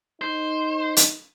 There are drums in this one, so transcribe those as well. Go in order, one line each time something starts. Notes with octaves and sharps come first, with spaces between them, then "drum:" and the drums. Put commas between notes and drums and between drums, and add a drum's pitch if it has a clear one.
D#4 C5
drum: hi-hat